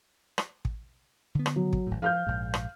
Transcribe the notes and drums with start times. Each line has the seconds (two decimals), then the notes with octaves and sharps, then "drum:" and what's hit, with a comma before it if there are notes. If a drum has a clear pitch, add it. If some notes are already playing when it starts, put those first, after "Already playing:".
0.38 drum: rim click
0.65 drum: kick
1.35 D3 B3
1.46 drum: rim click
1.56 F#3
1.73 drum: kick
1.87 G#1 A2
2.02 F3 F5 F6 G6
2.27 A#1 G#2
2.54 drum: rim click